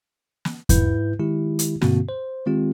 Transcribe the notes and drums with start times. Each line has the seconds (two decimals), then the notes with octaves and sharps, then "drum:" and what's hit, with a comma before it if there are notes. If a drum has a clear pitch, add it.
0.45 drum: snare
0.69 G#2 E4 B4 G6, drum: kick E2, hi-hat
1.19 D#3 G#3 E4 G4
1.59 drum: hi-hat
1.82 G2 B2 D3 A#3 C4 F#4, drum: snare
2.09 C5
2.46 D#3 G#3 C4 F4 G4